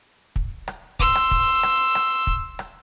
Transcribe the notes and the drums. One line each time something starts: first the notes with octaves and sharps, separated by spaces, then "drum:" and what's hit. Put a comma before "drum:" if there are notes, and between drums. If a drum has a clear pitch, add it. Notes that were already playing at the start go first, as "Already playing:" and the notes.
drum: kick
drum: rim click
C6 E6, drum: kick
drum: rim click
drum: kick
drum: rim click
drum: rim click
drum: kick
drum: rim click